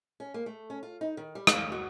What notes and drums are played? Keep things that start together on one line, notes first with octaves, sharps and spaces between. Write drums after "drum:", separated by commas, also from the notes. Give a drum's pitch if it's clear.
C#4
A#3
A3
C#4
F4
D#4
D#3
G3
F5, drum: rim click
F#4